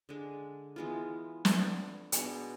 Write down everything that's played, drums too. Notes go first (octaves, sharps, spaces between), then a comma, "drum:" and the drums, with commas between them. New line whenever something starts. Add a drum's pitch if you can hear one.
D3 G#3 D4
E3 G#3 B3 F4
B3 D4 A4, drum: snare
B2 G#3 B3 D4, drum: hi-hat